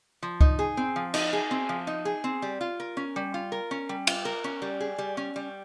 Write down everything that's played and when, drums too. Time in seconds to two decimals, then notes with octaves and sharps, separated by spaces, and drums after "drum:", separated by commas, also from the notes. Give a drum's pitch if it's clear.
0.23 F3
0.41 D#4, drum: kick C#2
0.59 G#4
0.77 C4
0.96 F3
1.14 D#4, drum: cymbal
1.33 G#4
1.51 C4
1.69 F3
1.87 D#4
2.05 G#4
2.24 C4
2.42 G3
2.61 F4
2.80 A#4
2.97 C#4
3.16 G3
3.34 F4
3.52 A#4
3.71 C#4
3.89 G3
4.07 F4, drum: cymbal
4.25 A#4
4.44 C#4
4.62 G3
4.80 G#4
4.98 G3
5.17 C#4
5.36 G3